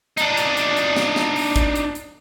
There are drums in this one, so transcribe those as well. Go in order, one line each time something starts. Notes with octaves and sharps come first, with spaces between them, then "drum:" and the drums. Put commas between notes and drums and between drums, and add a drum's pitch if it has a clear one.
D4 D#4, drum: hi-hat
drum: hi-hat
drum: hi-hat
drum: hi-hat
drum: snare
drum: snare
drum: open hi-hat
drum: kick, hi-hat
drum: hi-hat
drum: hi-hat